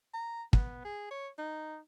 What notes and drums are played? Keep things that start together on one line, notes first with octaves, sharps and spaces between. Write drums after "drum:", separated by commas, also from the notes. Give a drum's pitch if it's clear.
A#5
B3, drum: kick
G#4
C#5
D#4